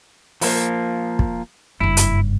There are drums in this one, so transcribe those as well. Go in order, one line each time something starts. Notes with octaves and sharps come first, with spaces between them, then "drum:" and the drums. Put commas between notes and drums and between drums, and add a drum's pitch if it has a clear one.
F3 A#3, drum: open hi-hat
drum: kick
F#1 G2 E4
drum: hi-hat